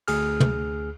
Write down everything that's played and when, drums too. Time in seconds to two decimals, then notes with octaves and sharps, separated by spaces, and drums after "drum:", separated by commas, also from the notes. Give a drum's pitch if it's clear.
0.08 D2 G#4 F6, drum: cymbal
0.40 drum: tom